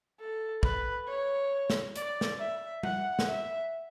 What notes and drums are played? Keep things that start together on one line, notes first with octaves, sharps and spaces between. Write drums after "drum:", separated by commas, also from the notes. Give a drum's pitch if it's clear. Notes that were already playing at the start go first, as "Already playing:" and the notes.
A4
B4, drum: kick
C#5
drum: snare
D5, drum: hi-hat
drum: snare
E5
F#5, drum: tom G3
drum: snare
E5